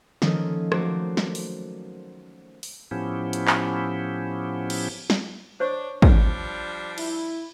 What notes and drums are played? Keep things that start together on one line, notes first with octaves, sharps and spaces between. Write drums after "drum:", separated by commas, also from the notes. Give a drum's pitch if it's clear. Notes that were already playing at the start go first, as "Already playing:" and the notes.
D#3 F3 A#3 C#4 A4 D#5, drum: snare
F#3 A3 F#4 A#4 C5 D5, drum: rim click
drum: snare
drum: open hi-hat
drum: open hi-hat
A2 F3 B3 C#4 E4 G4
drum: hi-hat
drum: clap
drum: cymbal
drum: snare
D4 C5 C#5 C#6
F3 G3 D4, drum: kick
E4, drum: cymbal